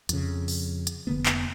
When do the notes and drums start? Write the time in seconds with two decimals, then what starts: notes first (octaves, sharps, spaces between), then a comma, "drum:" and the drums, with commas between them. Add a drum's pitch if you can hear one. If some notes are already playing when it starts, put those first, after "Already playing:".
0.09 F2 C#3, drum: hi-hat
0.48 drum: open hi-hat
0.87 drum: hi-hat
1.07 F1 D3 A#3 B3
1.26 drum: clap